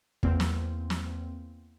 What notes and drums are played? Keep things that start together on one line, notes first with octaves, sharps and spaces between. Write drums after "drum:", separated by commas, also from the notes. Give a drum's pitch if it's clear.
E2 A#3 C4, drum: kick
drum: snare
drum: snare